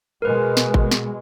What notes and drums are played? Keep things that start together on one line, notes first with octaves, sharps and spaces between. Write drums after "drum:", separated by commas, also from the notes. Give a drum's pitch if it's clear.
B2 G#3 A#4 B4
drum: snare
drum: kick G#1
drum: snare